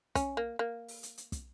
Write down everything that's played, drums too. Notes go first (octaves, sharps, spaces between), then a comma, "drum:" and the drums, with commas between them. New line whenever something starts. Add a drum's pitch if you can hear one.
C#4, drum: kick, hi-hat
A#3
A#3
drum: open hi-hat
drum: hi-hat
drum: hi-hat
drum: kick, hi-hat